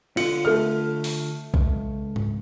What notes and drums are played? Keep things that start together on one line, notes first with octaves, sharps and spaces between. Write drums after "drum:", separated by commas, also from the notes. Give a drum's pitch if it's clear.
D3 F4 C#7 F#7, drum: cymbal
A3 F6
drum: open hi-hat
C#2, drum: kick B1
drum: tom G#2